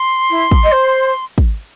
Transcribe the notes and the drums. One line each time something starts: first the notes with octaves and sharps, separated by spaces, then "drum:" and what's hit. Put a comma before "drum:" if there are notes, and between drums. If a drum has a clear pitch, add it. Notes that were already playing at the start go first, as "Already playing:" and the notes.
Already playing: C6
E4
drum: kick
D#5
C5
drum: kick